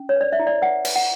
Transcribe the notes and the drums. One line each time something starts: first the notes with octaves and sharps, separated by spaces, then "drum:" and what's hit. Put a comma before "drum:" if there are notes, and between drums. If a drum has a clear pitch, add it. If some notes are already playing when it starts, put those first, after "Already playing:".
Already playing: C#4
C#5
B4 D5
E5
E4
D5
B4 F#5
B4, drum: cymbal
F#5